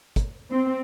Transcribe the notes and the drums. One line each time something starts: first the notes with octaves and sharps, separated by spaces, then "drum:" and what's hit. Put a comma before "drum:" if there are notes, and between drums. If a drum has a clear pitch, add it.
drum: kick, hi-hat
C4